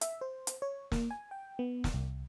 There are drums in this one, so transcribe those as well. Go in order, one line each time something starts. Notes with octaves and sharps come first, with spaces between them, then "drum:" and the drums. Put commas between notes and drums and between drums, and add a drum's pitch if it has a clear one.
E5, drum: hi-hat
C5
drum: hi-hat
C#5
A#3, drum: snare
G#5
G5
B3
drum: snare
C2